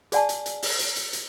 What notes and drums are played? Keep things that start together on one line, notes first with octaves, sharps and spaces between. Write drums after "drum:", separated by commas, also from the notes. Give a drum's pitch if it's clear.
G#4 D5 F#5 G#5 A5, drum: hi-hat
drum: hi-hat
drum: hi-hat
drum: open hi-hat
drum: hi-hat
drum: hi-hat
drum: hi-hat